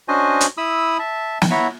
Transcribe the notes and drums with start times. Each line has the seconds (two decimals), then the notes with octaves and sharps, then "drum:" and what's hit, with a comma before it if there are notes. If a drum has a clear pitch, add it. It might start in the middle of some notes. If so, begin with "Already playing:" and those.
0.08 C#4 D4 F#4 C5 D#5 G#5
0.41 drum: hi-hat
0.57 E4 B5 D#6 E6
0.99 E5 A5
1.42 drum: snare
1.51 B3 E4 C#5 E5 F#5 A#5